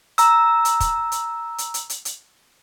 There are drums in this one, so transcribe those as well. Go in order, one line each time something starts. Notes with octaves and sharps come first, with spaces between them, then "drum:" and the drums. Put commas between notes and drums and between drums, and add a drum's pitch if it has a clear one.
A#5 E6, drum: hi-hat
drum: hi-hat
drum: kick, hi-hat
drum: hi-hat
drum: hi-hat
drum: hi-hat
drum: hi-hat
drum: hi-hat